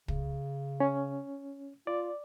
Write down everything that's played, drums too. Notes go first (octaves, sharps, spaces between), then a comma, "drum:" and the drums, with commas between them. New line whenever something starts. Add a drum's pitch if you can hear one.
C#3, drum: kick
C#4
F4 D5